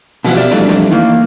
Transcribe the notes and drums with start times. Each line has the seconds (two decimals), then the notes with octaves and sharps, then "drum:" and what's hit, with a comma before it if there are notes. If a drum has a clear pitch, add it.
0.24 B2 D3 E3 F3 B3, drum: open hi-hat
0.37 G4 A#4 D5 E5
0.52 F2 E3 G3 A3 D4 D#4
0.69 drum: snare
0.92 D#3 E3 A#3